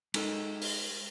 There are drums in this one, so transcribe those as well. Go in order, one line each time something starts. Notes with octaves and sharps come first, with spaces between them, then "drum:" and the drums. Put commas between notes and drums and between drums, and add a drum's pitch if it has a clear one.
G#3 D#4 A4 A#4 D#5, drum: cymbal
drum: open hi-hat